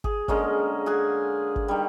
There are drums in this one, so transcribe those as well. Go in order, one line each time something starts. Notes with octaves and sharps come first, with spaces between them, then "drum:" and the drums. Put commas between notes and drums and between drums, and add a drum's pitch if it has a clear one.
G#4, drum: kick G1
D3 G#3 A#3 C#4, drum: kick G1
G#4 F#5 G#5
drum: kick G1
D#3 G3